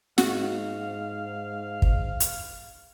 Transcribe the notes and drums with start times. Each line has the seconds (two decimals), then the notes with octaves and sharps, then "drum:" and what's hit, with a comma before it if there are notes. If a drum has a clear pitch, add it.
0.18 G#2 F#4 F5, drum: snare
1.82 drum: kick
2.20 drum: hi-hat